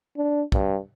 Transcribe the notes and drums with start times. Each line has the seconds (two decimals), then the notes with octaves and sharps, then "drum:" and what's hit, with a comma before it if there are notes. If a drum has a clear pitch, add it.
0.17 D4
0.52 G2, drum: kick